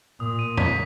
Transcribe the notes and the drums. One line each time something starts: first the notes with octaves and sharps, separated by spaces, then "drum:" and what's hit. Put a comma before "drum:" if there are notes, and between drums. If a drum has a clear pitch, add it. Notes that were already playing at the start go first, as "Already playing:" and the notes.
A#2 D#6
D#7
B6, drum: tom